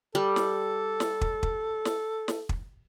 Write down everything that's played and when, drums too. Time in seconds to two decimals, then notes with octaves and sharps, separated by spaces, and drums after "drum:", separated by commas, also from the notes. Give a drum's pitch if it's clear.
0.15 G3 A4
0.36 drum: snare
1.00 drum: snare
1.21 drum: kick
1.43 drum: kick
1.85 drum: snare
2.28 drum: snare
2.49 drum: kick